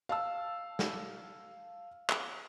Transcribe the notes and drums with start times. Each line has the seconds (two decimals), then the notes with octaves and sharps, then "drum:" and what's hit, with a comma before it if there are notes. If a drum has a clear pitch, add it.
0.09 F5 A5 E6
0.79 drum: snare
2.09 drum: clap